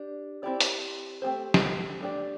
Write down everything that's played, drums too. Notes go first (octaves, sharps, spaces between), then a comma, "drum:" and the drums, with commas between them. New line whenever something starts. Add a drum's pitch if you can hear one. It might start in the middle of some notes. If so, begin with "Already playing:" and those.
Already playing: D4 G4
C4 E4 G4 D5
drum: hi-hat
A3 C4 G4 C5
drum: snare
A3 D4 G4 D5